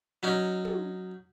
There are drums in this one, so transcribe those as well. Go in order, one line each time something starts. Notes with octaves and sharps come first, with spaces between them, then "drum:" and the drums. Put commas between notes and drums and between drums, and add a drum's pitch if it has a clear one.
F#3 C#4 D#4
drum: tom